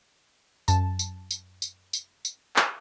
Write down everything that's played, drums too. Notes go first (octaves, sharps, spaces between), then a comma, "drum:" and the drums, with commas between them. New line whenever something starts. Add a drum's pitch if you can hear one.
F#2 A5, drum: tambourine
drum: tambourine
drum: tambourine
drum: tambourine
drum: tambourine
drum: tambourine
drum: clap